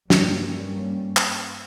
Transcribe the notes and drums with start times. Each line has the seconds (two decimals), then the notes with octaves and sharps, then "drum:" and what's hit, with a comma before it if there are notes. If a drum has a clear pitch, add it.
0.10 G2 G3 A#3 C#4, drum: snare
1.17 drum: clap